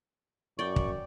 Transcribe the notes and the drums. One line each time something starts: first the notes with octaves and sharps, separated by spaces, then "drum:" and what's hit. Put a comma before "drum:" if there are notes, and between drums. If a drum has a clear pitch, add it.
F#2 D5 G5 C#6
drum: kick